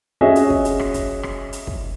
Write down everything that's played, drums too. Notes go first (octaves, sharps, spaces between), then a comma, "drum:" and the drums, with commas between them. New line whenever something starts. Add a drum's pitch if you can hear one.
C#4 F#4 G#4 D#5 E5
drum: hi-hat
drum: kick
drum: hi-hat
drum: rim click
drum: kick, hi-hat
drum: rim click
drum: hi-hat
drum: kick